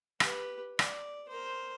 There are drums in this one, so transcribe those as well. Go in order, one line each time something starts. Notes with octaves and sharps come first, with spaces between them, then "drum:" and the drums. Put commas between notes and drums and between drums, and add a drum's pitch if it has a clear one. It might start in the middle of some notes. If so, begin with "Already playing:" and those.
G4 B4, drum: rim click
D5, drum: rim click
A#4 C5